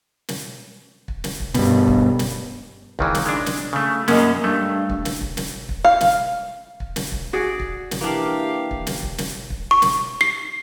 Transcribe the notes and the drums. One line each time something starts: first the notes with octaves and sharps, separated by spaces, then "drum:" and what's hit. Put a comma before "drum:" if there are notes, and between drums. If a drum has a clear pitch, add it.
drum: snare
drum: kick
drum: snare
drum: kick
G2 B2, drum: snare
drum: kick
drum: snare
C#2 D#3 E3, drum: kick
drum: snare
G#3 D4
drum: snare
C#3 A3
F#2 G#3 A#3 C#4 D#5, drum: snare
G2 A3
drum: kick
drum: snare
drum: kick
drum: snare
drum: kick
F5
drum: snare
drum: kick
drum: snare
drum: kick
F#4 G#4 D5
drum: kick
drum: snare
E3 A#3 D4 G4 F5
drum: kick
drum: snare
drum: kick
drum: snare
drum: kick
C#6
drum: snare
C7